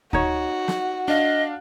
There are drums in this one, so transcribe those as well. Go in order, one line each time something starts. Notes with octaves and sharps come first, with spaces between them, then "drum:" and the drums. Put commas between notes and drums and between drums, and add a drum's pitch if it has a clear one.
D#4 F#4 C#5, drum: kick D2
drum: snare
D4 D#5 F5